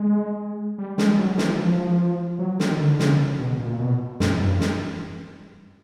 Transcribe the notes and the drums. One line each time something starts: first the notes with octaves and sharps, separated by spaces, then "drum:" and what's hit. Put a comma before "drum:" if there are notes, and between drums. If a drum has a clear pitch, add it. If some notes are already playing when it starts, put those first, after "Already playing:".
Already playing: G#3
G3
G#3, drum: snare
F#3
E3, drum: snare
F3
F#3
D#3, drum: snare
D3
C#3, drum: snare
B2
A#2
B2
F#2, drum: snare
G2
drum: snare